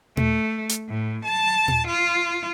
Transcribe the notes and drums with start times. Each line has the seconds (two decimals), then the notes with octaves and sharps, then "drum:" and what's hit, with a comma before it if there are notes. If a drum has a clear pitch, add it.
0.17 A3, drum: tom
0.69 drum: hi-hat
0.89 A2
1.24 A5
1.68 drum: tom
1.87 F4